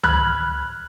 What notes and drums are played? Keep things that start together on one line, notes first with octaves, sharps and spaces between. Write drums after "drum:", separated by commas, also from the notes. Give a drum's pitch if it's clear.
B5 F6 F#6 G#6 F#7, drum: tom C#2